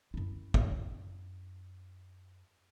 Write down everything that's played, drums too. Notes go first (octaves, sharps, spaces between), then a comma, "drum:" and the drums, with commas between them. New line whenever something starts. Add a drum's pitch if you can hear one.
F#2 E4
drum: kick